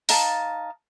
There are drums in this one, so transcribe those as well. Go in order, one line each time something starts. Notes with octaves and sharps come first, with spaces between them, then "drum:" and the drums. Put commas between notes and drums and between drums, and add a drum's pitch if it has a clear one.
D#4 F5 A5, drum: open hi-hat